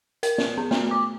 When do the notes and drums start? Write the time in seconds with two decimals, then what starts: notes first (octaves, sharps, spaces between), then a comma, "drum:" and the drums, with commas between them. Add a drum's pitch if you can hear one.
0.23 A#4, drum: hi-hat
0.38 drum: snare
0.58 B3
0.71 A3, drum: snare
0.91 D6